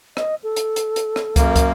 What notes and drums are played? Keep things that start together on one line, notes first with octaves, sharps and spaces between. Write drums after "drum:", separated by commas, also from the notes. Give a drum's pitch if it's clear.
D#5, drum: rim click
A4
drum: hi-hat
drum: hi-hat
drum: hi-hat
drum: rim click
F#2 A#3, drum: kick, hi-hat
drum: kick, hi-hat